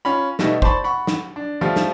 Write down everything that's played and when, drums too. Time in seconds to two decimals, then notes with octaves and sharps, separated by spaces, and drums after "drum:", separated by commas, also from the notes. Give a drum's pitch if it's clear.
0.05 C#4 F4 B5
0.39 B2 G3 A3 D#4, drum: snare
0.62 C5 D5 A5 B5 C#6, drum: kick
0.84 F#5 B5 C#6
1.07 drum: snare
1.36 D4
1.61 F3 G3 A3 F4
1.76 drum: snare